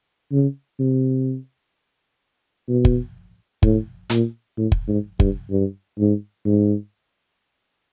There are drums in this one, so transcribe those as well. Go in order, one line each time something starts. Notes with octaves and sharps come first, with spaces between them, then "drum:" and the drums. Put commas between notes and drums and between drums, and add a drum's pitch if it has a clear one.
C#3
C3
B2
drum: kick
A2, drum: kick
A#2, drum: hi-hat
A2
drum: kick
G#2
G2, drum: kick
G2
G#2
G#2